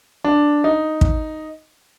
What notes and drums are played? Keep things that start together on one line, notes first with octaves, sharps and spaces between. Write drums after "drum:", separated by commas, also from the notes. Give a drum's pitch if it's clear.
D4
D#4
drum: kick